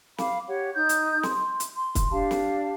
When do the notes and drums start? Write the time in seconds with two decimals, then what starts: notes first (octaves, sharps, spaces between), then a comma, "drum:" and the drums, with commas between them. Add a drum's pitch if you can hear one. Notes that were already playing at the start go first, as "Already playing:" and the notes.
0.18 F5 B5 D6, drum: snare
0.48 G4 C#5 F#5
0.75 D#4 G6
0.89 drum: hi-hat
1.23 C6, drum: snare
1.60 drum: hi-hat
1.76 C6
1.95 drum: kick, hi-hat
2.12 D4 G4 F5 A5
2.31 drum: snare